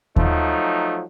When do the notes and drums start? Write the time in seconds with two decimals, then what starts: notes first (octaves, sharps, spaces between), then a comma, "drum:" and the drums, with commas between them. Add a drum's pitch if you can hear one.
0.16 F3 F#3 A3 D#4, drum: kick D#2